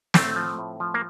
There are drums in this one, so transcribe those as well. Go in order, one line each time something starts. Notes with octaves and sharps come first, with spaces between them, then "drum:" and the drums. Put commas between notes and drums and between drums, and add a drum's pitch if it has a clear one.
A2 A3 C4, drum: snare
F3
A2
F3
A#3